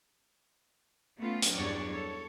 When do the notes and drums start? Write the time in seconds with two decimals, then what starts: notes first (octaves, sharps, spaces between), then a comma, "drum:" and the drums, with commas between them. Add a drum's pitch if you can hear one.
1.19 A3 B3 C#4 F4
1.42 drum: hi-hat
1.53 E2 G2 F#3 D4 C#5 D5
1.91 A4 C#5